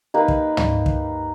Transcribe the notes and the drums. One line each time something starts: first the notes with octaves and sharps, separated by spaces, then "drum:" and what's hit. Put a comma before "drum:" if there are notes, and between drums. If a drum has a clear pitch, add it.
A#3 D#4 G4 B4
drum: kick
drum: tom
drum: kick